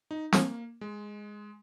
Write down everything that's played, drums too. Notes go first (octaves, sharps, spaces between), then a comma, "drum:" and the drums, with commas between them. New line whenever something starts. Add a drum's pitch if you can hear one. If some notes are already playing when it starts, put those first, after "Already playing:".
D#4
A#3, drum: snare
G#3